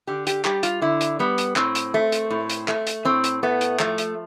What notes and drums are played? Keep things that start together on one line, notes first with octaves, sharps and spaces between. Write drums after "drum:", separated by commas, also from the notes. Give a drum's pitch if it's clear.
D3 G4
G4, drum: hi-hat
G3 G4, drum: clap
F4, drum: hi-hat
D3 E4
drum: hi-hat
G3 B3
drum: hi-hat
A2 C4, drum: clap
drum: hi-hat
A3
drum: hi-hat
A2
drum: hi-hat
A3, drum: clap
drum: hi-hat
A2 C4
drum: hi-hat
A3 B3
drum: hi-hat
F3 A3, drum: clap
drum: hi-hat